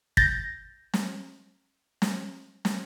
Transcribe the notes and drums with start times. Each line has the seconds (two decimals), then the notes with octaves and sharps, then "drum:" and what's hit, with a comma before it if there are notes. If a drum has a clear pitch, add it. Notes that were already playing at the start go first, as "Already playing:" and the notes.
0.17 G6 A6 A#6, drum: kick
0.94 drum: snare
2.02 drum: snare
2.65 drum: snare